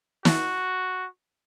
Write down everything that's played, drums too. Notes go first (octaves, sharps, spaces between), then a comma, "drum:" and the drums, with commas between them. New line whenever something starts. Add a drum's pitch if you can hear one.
F#4, drum: snare